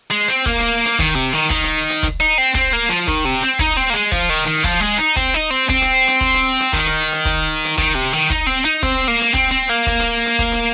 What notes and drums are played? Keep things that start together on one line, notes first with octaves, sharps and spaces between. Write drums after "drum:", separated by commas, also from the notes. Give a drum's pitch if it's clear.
G#3
C4
A#3, drum: kick, hi-hat
drum: hi-hat
drum: hi-hat
D#3, drum: kick, hi-hat
C3
D#3
D#3, drum: kick, hi-hat
drum: hi-hat
drum: hi-hat
drum: kick, hi-hat
D#4
C4
C4, drum: kick, hi-hat
A#3
F3
D#3, drum: kick, hi-hat
C3
C4
D#4, drum: kick, hi-hat
C4
A#3
G#3
F3, drum: kick, hi-hat
D#3
D#3
F3, drum: kick, hi-hat
G#3
D#4
C4, drum: kick, hi-hat
D#4
C4
C4, drum: kick, hi-hat
drum: hi-hat
drum: hi-hat
drum: kick, hi-hat
drum: hi-hat
drum: hi-hat
D#3, drum: kick, hi-hat
drum: hi-hat
drum: hi-hat
drum: kick, hi-hat
drum: hi-hat
D#3, drum: kick, hi-hat
C3
D#3
D#4, drum: kick, hi-hat
C4
D#4
C4, drum: kick, hi-hat
A#3
drum: hi-hat
C4, drum: kick, hi-hat
C4
A#3
drum: kick, hi-hat
drum: hi-hat
drum: hi-hat
drum: kick, hi-hat
drum: hi-hat